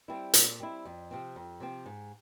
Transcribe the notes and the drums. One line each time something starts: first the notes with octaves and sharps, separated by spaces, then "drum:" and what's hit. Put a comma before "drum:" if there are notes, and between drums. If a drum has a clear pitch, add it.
G3 C4 E4
A#2, drum: hi-hat
G3 C4 E4
F2
C3 F3 C4
F2
C3 F3 C4
G#2